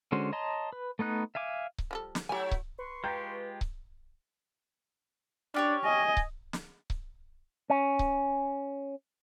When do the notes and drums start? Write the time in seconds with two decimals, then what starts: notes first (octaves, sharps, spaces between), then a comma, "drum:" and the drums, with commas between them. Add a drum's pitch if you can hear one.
0.12 D3 G#3 C#4 F#4 C5
0.32 C#5 D#5 A5 A#5 C6
0.73 B4
0.99 A3 B3 D#4 F#6
1.35 E5 F5 G#5 D6
1.78 drum: kick C#1
1.91 F3 G3 A4
2.15 drum: snare
2.29 F#3 A3 E4 G4 G#5
2.51 drum: kick C#1
2.79 B4 C6 C#6
3.04 G#3 F4 G4 G5 A#5 G6
3.61 drum: kick C#1
5.54 C#4 D4 G4 C#5
5.84 D#5 G#5
6.17 drum: kick C#1
6.53 drum: snare
6.90 drum: kick C#1
7.70 C#4
7.99 drum: kick C#1